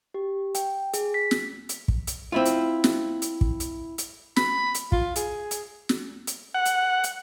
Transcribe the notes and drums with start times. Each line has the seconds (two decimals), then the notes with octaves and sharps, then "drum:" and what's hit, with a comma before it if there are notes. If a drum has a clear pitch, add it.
0.14 G4
0.55 G5, drum: hi-hat
0.94 G#4, drum: hi-hat
1.14 B6
1.31 drum: snare
1.69 drum: hi-hat
1.88 drum: kick
2.07 drum: hi-hat
2.32 C4 E4 F4
2.46 drum: hi-hat
2.84 drum: snare
3.22 drum: hi-hat
3.41 drum: kick
3.60 drum: hi-hat
3.98 drum: hi-hat
4.36 B5, drum: snare
4.75 drum: hi-hat
4.92 F4, drum: kick
5.16 G#4, drum: hi-hat
5.51 drum: hi-hat
5.89 drum: snare
6.27 drum: hi-hat
6.55 F#5
6.66 drum: hi-hat
7.04 drum: hi-hat